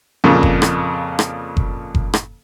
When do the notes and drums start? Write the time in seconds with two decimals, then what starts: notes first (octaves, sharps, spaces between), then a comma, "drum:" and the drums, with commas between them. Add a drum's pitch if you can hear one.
0.24 F2 A#2 C#3
0.43 drum: kick F#1
0.62 drum: rim click
1.19 drum: rim click
1.57 drum: kick F#1
1.95 drum: kick F#1
2.14 drum: rim click